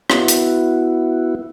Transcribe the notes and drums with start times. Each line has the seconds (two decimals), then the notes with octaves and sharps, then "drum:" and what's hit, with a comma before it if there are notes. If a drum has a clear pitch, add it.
0.10 B3 E4 F#4, drum: rim click
0.28 drum: hi-hat